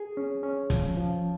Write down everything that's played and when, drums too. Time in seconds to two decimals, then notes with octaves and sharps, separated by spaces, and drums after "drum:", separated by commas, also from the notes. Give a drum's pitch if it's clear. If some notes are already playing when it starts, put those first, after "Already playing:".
Already playing: G#4
0.17 C#4
0.43 C#4
0.70 F3, drum: kick, hi-hat
0.97 F3